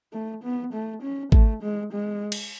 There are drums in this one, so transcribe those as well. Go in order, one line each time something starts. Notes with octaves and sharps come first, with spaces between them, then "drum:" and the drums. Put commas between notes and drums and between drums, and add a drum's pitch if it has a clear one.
A3
B3
A3
C#4
A3, drum: kick G#1
G#3
G#3
drum: cymbal